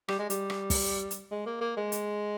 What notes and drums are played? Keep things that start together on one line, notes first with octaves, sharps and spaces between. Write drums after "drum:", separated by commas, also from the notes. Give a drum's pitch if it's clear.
G3, drum: rim click
G#3
G3, drum: hi-hat
drum: rim click
drum: kick, open hi-hat
drum: hi-hat
G#3
A#3
A#3
G#3
drum: hi-hat